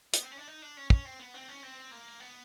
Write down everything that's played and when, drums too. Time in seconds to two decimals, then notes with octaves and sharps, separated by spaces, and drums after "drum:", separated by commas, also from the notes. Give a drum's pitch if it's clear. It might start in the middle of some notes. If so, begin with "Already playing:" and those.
0.14 B3, drum: hi-hat
0.23 C4
0.31 C#4
0.39 D4
0.47 D#4
0.62 D4
0.77 C#4
0.90 C#4, drum: kick
1.05 C4
1.20 B3
1.34 C4
1.48 C#4
1.63 C4
1.91 A#3
2.20 B3